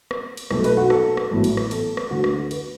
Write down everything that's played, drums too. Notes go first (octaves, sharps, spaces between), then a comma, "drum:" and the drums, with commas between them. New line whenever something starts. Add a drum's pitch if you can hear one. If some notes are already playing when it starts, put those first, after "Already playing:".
drum: rim click
drum: cymbal
B1 B2 A3 A4, drum: rim click
B4, drum: cymbal
F#4
A4, drum: rim click
drum: rim click
A1 A2 F#3 B3
drum: cymbal
drum: rim click
A4, drum: cymbal
drum: rim click
D2 D3 A3 F#4
drum: rim click
B4, drum: cymbal